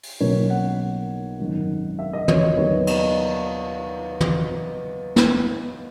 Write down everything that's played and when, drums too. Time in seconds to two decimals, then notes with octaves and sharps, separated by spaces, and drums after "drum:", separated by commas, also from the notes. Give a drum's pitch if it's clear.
0.03 drum: open hi-hat
0.20 B1 B2 F#3 A#3 C#4 C#5
0.50 F#5
1.39 G#1 F#2 D#3
1.99 E5
2.13 D#5
2.28 C#5, drum: tom
2.43 D#5
2.57 D#2 D#3 F#3 B3 C#5
2.87 D#5, drum: cymbal
4.20 drum: tom
5.16 drum: snare